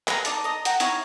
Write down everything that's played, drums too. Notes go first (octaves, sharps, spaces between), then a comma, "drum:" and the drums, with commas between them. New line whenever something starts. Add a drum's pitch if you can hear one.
B4 F5 A#5, drum: clap
D#4 D5 A5, drum: hi-hat
D#5 A#5
F#5 G5 A#5, drum: hi-hat
D#4 E4 C#5 F5, drum: hi-hat